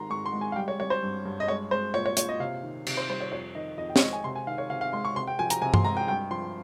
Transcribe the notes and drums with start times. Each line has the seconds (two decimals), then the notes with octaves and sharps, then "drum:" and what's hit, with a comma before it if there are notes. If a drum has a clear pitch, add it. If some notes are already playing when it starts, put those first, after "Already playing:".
Already playing: G#2 D#3 A#5 C6
0.10 G#2 C#6
0.26 C6
0.33 G#3
0.41 G#5
0.52 F5
0.56 G3 G5
0.68 C#5
0.79 G3 C#5
0.90 C5
1.03 G2
1.25 G2
1.40 D#5
1.48 G#3 C#5
1.71 G#3 C5
1.94 A#2 C#5
2.06 C#5
2.17 A#2 C#5, drum: hi-hat
2.29 D#5
2.40 C3 F5
2.63 D#3
2.87 C3, drum: cymbal
2.97 C5
3.09 G3 C5
3.20 C#5
3.32 F2 C#5
3.55 D#3 D#5
3.78 F2 D#5
3.89 G5
3.96 C#5, drum: snare
4.01 G#3 D#5
4.13 G#5
4.24 C3 C6
4.36 G#5
4.47 D#3 F5
4.58 C#5
4.70 C3 F5
4.81 F5
4.93 G#3 C6
5.05 C#6
5.16 C3 C6
5.27 G5
5.39 F3 G#5
5.50 A#5, drum: hi-hat
5.62 C3 G#5
5.74 C6, drum: tom G2
5.84 G#3 A#5
5.97 G5
6.08 G2 G5
6.31 F3 C6